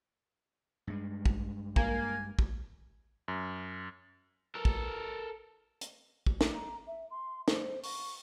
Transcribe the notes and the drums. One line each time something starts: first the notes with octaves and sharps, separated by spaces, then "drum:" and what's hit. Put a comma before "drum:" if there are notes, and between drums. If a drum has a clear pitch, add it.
G2 G#3
drum: kick
A#3 G#5, drum: kick
drum: kick
F#2
A4 A#4
drum: kick
drum: hi-hat
drum: kick
drum: snare
A#5
E5
C6
C5, drum: snare
C#6, drum: open hi-hat